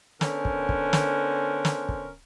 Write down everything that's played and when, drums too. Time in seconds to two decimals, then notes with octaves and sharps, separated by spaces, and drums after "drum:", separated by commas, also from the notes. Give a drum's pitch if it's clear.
0.21 D3 B3 C#4 A#4 C5 G#5, drum: snare
0.45 drum: kick
0.69 drum: kick
0.93 drum: snare
1.65 drum: snare
1.89 drum: kick